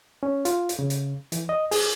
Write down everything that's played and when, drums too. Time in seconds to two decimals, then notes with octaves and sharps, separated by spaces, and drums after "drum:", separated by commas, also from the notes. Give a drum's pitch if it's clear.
0.23 C#4
0.45 F4, drum: hi-hat
0.69 drum: hi-hat
0.79 C#3
0.90 drum: hi-hat
1.32 E3, drum: hi-hat
1.49 D#5
1.71 G#4, drum: open hi-hat